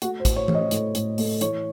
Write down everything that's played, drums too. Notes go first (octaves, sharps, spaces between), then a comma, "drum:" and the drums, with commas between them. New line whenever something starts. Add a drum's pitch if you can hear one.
A3 F#4, drum: hi-hat
C5
A2, drum: kick, hi-hat
C#5
A3, drum: tom E3
D#5
A2, drum: hi-hat
A2, drum: hi-hat
A3, drum: open hi-hat
E3 C#5, drum: hi-hat